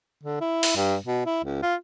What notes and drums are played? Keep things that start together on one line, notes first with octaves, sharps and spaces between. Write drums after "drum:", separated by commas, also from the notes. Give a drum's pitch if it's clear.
D3
E4
drum: open hi-hat
G2
B2
E4
C#2
F4